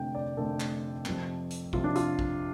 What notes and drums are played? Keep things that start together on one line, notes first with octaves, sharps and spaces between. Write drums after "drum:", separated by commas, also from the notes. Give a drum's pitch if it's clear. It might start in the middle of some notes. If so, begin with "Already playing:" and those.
Already playing: F1 F2 D3 A3 G5
D5
F1 F2 D3 A3 A4
drum: clap
F2 C3 F3, drum: clap
drum: hi-hat
F2 C3 F3 F4, drum: kick A1
D4
F4, drum: hi-hat
drum: kick A1